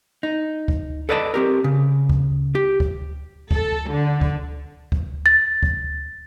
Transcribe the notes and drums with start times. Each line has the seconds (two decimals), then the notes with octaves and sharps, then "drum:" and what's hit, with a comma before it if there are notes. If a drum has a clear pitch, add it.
0.23 D#4
0.68 drum: kick C#2
1.09 A4 B4 D5 D#5 F#5 A5
1.34 C4 G4 A#4
1.64 C#3
2.09 drum: kick C#2
2.55 G4
2.80 drum: kick C#2
3.51 A4, drum: kick C#2
3.89 D3
4.21 drum: kick C#2
4.92 drum: kick C#2
5.26 A6
5.63 drum: kick C#2